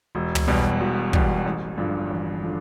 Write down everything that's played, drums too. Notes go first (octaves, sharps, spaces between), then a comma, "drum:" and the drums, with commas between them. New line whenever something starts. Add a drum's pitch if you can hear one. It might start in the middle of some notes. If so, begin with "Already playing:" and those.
E1
drum: tom
E2 B2 G3
E1
E2 B2 G3, drum: kick
A1
G2 D3 F3
A1
D3 F3